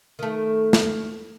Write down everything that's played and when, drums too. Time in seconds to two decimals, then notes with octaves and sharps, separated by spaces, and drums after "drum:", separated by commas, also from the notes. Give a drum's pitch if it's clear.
0.19 D#3 A3
0.73 drum: snare